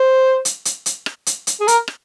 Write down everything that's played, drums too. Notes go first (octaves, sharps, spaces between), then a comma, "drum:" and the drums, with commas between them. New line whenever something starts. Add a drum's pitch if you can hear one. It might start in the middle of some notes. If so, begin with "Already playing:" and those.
Already playing: C5
drum: hi-hat
drum: hi-hat
drum: hi-hat
drum: rim click
drum: hi-hat
drum: hi-hat
G#4
A#4, drum: hi-hat
drum: rim click